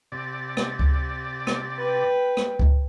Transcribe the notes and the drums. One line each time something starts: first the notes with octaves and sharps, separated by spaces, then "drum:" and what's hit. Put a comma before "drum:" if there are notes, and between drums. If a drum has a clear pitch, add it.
C3 D5
drum: rim click
drum: kick C#2
drum: rim click
B4 G5
drum: rim click
drum: kick C#2